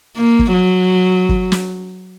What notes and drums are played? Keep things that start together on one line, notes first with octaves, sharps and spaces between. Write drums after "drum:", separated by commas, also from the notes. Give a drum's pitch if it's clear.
A#3
drum: kick
F#3
drum: kick
drum: snare